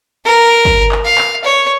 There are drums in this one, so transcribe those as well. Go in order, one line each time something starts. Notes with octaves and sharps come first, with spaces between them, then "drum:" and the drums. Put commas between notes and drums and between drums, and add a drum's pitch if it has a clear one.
A#4
drum: kick
drum: clap
F5
drum: clap
C#5